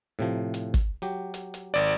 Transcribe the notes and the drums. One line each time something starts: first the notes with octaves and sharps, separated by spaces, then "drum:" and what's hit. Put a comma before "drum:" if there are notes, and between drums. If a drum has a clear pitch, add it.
A2 C3 F3
drum: hi-hat
drum: kick, hi-hat
F#3 G4
drum: hi-hat
drum: hi-hat
G#1 D5, drum: hi-hat